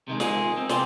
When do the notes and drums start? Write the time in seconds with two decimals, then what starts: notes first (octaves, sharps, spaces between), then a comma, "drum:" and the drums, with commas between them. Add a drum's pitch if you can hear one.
0.08 C3 D#3 G#3
0.20 G#3 A#3 D#4 F4 G#4, drum: snare
0.57 C4
0.69 C3 B3 F4 G4 G#4 C6, drum: snare